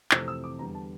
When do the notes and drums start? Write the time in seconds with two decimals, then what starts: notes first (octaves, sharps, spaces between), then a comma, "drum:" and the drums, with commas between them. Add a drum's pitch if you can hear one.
0.11 F2 C3 E3 A3 C4 E6, drum: clap
0.28 E6
0.44 D6
0.59 E2 D3 G3 A#5
0.75 A5